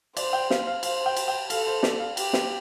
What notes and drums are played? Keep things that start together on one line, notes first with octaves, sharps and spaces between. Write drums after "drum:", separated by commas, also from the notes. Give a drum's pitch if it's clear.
C5 D5, drum: cymbal
G5
F5, drum: snare
F5
C5 F5, drum: cymbal
G5
drum: cymbal
G5
A4 F5, drum: cymbal
C5
D5, drum: snare
F5
G4, drum: cymbal
drum: snare